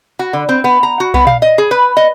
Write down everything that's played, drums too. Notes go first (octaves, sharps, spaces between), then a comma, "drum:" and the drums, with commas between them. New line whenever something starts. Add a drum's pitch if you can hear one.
F#4
D3
C4
B3
A#5
F#4
B3, drum: kick B1
F5, drum: tom A#2
D#5
G#4
B4
D#5